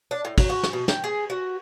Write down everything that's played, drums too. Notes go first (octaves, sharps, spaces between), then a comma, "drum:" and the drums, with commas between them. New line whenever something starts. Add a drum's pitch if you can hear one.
D4
A2
F#3, drum: kick, cymbal
F#4
drum: snare
B2
G5, drum: snare
G#4
F#4